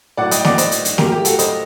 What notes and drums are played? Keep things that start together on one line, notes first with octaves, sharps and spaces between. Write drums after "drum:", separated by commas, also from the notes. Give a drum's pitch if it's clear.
A2 F#3 D5 F#5
D#5 G5, drum: hi-hat
D5 F#5, drum: snare
C5 D#5, drum: hi-hat
drum: hi-hat
drum: hi-hat
A2 F#3 G4 A#4, drum: snare
G4
F#4 A4, drum: hi-hat
C5 D#5, drum: hi-hat